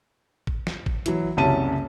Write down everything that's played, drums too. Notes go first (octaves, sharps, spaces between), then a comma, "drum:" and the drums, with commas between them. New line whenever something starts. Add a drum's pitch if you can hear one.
drum: kick G#1
drum: snare
drum: kick G#1
E3 F#3, drum: hi-hat
F#1 C2 C#4 A5 D#7